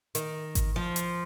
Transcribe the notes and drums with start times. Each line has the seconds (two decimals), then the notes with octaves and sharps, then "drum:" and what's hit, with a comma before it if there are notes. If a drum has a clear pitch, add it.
0.15 D#3, drum: hi-hat
0.55 drum: kick G#1, hi-hat
0.76 F3
0.96 drum: hi-hat